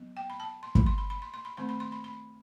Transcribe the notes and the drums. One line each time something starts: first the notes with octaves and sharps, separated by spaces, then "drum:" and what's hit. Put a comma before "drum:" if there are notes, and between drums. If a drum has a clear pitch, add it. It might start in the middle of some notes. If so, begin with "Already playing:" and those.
Already playing: F#3 B3
G5
B5
A5
C6
B5, drum: kick
C6
B5
B5
C6
C6
B5
D#3 A3 C4 B5
B5
C6
B5
B5